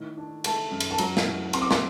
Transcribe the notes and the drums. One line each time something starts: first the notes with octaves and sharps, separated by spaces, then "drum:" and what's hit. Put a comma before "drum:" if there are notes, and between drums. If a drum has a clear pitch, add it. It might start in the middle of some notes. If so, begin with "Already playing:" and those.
Already playing: A2 D#3
D4
A3 A5, drum: cymbal
F#2
drum: cymbal
A5
F#3 A#5, drum: cymbal
drum: snare
A2
C4 C6, drum: cymbal
D6
C6, drum: snare